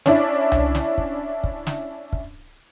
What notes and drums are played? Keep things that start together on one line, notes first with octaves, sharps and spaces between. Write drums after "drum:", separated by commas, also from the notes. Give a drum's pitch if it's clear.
C#4 D4 E4, drum: snare
drum: tom C2
drum: snare
drum: kick
drum: kick
drum: snare
drum: kick